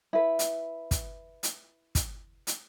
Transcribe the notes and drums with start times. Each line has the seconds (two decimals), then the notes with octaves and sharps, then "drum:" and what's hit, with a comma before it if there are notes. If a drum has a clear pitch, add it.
0.13 E4 B4
0.39 drum: hi-hat
0.91 drum: kick, hi-hat
1.43 drum: hi-hat
1.95 drum: kick, hi-hat
2.47 drum: hi-hat